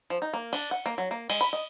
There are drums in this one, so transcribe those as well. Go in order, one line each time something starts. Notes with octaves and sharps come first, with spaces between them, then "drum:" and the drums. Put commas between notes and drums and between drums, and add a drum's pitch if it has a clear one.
F3
D#4
A#3
D4, drum: cymbal
F#5
A#3
F#3
A#3
G#3, drum: cymbal
B5
D#5